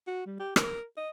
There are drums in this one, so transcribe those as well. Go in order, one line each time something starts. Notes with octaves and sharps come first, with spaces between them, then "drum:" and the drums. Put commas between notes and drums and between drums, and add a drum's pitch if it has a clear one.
F#4
G3
G4
A#4, drum: rim click
D#5